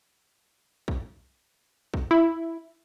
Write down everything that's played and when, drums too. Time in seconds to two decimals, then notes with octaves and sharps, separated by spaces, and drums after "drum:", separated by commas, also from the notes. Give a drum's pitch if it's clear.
0.88 drum: kick A#1
1.94 drum: kick A#1
2.11 E4